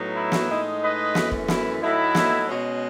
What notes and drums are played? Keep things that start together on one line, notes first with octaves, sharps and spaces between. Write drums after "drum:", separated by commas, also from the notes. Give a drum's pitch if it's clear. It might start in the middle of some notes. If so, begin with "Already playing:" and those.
Already playing: A2 F#3 B3 D#4
E4
drum: snare
A2 G#3 D#4
B4 D#5
F#2 E3 A3, drum: snare
drum: kick
E4, drum: snare
A2 F#3 A3 D#4 E4
drum: snare
B2 G#3 C#4